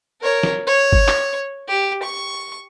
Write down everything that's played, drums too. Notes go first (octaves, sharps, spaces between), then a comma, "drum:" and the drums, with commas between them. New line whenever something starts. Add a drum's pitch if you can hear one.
A#4 C#5
drum: snare
C#5
drum: kick G1
drum: clap
G4
C#6